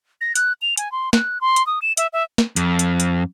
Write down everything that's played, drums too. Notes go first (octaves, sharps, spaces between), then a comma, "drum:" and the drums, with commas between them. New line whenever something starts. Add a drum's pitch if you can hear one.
A#6
F#6, drum: hi-hat
F7
G#5, drum: hi-hat
C6
F#6, drum: snare
C6
drum: hi-hat
D#6
E7
E5, drum: hi-hat
E5
drum: snare
F2, drum: hi-hat
drum: hi-hat
drum: hi-hat